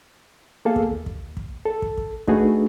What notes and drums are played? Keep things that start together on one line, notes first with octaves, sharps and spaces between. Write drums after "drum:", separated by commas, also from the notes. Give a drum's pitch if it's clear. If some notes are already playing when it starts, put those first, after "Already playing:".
A#3 B3 G#4 A4 F5
drum: kick
D#2
drum: kick
drum: kick
A4
drum: kick
drum: kick
A3 D4 D#4 F#4 G#4 B4, drum: kick